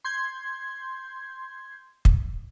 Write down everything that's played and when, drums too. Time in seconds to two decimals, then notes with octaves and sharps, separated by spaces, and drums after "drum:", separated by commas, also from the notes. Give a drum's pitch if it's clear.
0.05 C6 G6 G#6
2.05 drum: kick